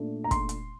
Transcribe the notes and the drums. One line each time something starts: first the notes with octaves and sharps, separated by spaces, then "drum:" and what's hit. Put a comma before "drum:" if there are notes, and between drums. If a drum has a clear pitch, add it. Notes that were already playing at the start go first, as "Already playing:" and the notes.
Already playing: A#2 A3 D4
A#5
C6, drum: kick, hi-hat
drum: hi-hat